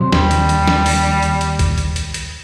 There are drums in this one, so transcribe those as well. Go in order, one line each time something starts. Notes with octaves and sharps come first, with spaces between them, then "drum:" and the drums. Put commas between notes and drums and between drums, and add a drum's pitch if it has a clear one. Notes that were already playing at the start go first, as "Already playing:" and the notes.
C3 F#3 C5
D#2 G3, drum: snare
drum: hi-hat
drum: hi-hat
drum: snare
drum: open hi-hat
drum: hi-hat
drum: hi-hat
drum: kick B1, hi-hat
drum: hi-hat
drum: hi-hat
drum: hi-hat